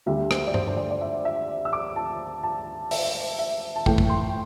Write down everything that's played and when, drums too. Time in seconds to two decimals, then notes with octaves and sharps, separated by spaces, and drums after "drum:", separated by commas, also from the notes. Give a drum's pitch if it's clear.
0.06 D2 D3 G3 E5
0.31 C5, drum: rim click
0.47 D5
0.54 C5, drum: tom G2
0.68 C5
0.77 D5
0.91 D5
1.01 E5
1.25 E5
1.65 E6
1.73 D6
1.96 A5
2.43 A5
2.91 E5, drum: open hi-hat
3.39 E5
3.76 A5
3.86 A2 E3 A3 G5, drum: kick
3.98 drum: kick
4.10 C6